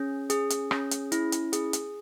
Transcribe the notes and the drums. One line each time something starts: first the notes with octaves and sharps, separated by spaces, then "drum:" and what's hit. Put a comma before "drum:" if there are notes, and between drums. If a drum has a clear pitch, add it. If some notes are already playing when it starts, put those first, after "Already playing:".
Already playing: C#4 G#4
G#4, drum: hi-hat
drum: hi-hat
C#4, drum: rim click
drum: hi-hat
E4, drum: hi-hat
drum: hi-hat
G#4, drum: hi-hat
drum: hi-hat